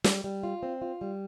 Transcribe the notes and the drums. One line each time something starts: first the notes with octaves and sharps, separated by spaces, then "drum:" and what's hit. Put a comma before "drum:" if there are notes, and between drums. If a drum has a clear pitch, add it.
G3, drum: snare
G3
F4
C4
F4
G3